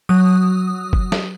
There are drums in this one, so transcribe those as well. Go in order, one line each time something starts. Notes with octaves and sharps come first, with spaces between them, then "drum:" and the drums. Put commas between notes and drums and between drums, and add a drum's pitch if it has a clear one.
F#3 D#6
drum: kick F#1
drum: snare